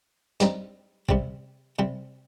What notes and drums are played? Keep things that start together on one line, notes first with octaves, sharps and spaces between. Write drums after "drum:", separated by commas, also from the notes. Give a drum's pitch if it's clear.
G2 G3 C4 D#4, drum: hi-hat
C3 G3 C4, drum: kick
C3 G3 C4